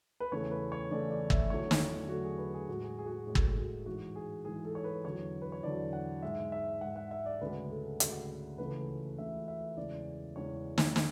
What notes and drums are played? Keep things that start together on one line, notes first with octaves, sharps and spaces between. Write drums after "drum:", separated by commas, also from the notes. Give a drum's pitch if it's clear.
B4
E2 C#3 E3 A3 C#5
B4
C#5
E2 C#3 E3 A3 D5
D5
E5, drum: kick G1
E2 D3 F#3 A3 C#5
drum: snare
E2 D3 F#3 A3 F#4
G#4
B4
G#4
A2 G#3 F#4
G#4
G#4
F#4
G#4
A2 G#3 G#4
A4, drum: kick G1
G#4
F#4
G#2 E3 G#3 F#4
G#4
G#2 E3 G#3 G#4
A4
C#5
B4
E2 D3 F#3 C#5
B4
C#5
E2 D3 F#3 D5
F#5
G#2 G#3 E5
E5
G#2 G#3 F#5
F#5
E5
D5
D2 C#3 G#3 B4
A4
D2 C#3 G#3, drum: hi-hat
C#2 C#3 E3 A3 B4
C#2 C#3 E3 A3 E5
E5
E2 C#3 G#3 D5
E2 C#3 G#3 C#5
drum: snare
D3, drum: snare